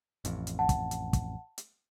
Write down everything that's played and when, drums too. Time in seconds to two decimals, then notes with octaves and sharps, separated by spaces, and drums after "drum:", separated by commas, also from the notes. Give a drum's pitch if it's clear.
0.25 A1 F2, drum: hi-hat
0.47 drum: hi-hat
0.59 F#5 A5
0.69 drum: kick, hi-hat
0.91 drum: hi-hat
1.13 drum: kick, hi-hat
1.58 drum: hi-hat